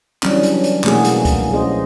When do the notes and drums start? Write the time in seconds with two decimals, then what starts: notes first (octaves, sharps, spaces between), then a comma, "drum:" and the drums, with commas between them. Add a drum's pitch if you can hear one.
0.23 E3 F#3 G3 C#4 D4, drum: clap
0.43 drum: hi-hat
0.64 drum: hi-hat
0.84 B2 E3 A3 A#3 F#4 G#4, drum: clap
1.05 drum: hi-hat
1.25 drum: kick C#2, hi-hat
1.50 F#3 C#4 G#4 C5 D#5